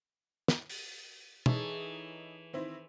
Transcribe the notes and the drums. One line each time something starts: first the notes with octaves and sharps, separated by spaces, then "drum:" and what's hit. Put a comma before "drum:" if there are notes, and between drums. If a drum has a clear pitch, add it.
drum: snare
drum: open hi-hat
E3 D#4 E4 G#4 A4 C#5, drum: tom
D#3 C4 E4